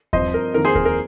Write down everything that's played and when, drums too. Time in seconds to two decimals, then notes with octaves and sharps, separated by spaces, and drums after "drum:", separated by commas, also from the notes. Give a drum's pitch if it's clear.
0.13 G2 F3 C4 C5 D#5, drum: kick D#2
0.34 A#4
0.54 F2 D#3 A#3 A#4
0.65 G#4 C5
0.75 A#4, drum: kick D#2
0.85 A#4